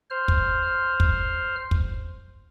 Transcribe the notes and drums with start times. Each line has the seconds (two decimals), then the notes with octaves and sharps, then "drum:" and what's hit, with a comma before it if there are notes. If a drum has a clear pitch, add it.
0.10 C5 F6
0.28 drum: kick
1.00 drum: kick
1.71 drum: kick